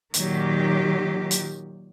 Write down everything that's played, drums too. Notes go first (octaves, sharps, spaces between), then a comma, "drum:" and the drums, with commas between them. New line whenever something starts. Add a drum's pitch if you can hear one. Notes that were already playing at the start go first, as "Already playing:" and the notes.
A#2 D#3 F#3 G4, drum: hi-hat
drum: hi-hat